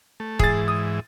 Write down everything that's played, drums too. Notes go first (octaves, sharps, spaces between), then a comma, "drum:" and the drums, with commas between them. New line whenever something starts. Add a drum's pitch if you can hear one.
A3
G#2 E3 G#4 A6, drum: kick
D#6